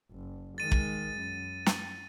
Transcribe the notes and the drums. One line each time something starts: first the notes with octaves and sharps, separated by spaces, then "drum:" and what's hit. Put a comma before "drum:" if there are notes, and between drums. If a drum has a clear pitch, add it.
F#1
D#3 G#3 A6 D#7
drum: kick
F#2
drum: snare